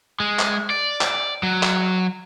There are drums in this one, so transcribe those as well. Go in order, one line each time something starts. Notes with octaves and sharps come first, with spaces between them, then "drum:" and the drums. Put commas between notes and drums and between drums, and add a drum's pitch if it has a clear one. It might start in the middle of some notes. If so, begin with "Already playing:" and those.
G#3
drum: clap
D5
drum: clap
F#3
drum: clap